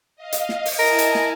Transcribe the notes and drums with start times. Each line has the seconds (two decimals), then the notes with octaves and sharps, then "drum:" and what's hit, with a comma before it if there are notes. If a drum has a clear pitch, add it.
0.16 D#5 F5
0.33 drum: hi-hat
0.49 drum: snare
0.65 drum: open hi-hat
0.79 E4 A#4 D#5 G#5 A5
0.98 drum: hi-hat
1.15 drum: snare